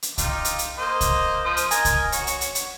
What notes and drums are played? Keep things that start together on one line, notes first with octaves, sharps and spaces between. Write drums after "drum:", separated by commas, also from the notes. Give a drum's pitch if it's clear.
drum: hi-hat
D#4 F4 G4, drum: kick C2, hi-hat
drum: hi-hat
drum: hi-hat
A#3 C5 D#5
drum: kick C2, hi-hat
F3 C5 D#6
drum: hi-hat
A#4 D#5 G#5, drum: hi-hat
drum: kick C2, hi-hat
F#4 C#5, drum: hi-hat
drum: hi-hat
drum: hi-hat
drum: hi-hat